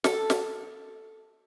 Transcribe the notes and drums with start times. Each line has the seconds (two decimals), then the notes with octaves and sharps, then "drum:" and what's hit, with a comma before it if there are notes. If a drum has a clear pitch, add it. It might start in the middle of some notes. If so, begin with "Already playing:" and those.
0.04 A4, drum: snare
0.30 drum: snare